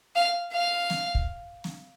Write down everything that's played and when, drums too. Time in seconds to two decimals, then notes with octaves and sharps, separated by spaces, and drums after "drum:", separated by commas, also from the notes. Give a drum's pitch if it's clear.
0.16 F5
0.52 F5
0.90 drum: snare
1.15 drum: kick
1.64 drum: snare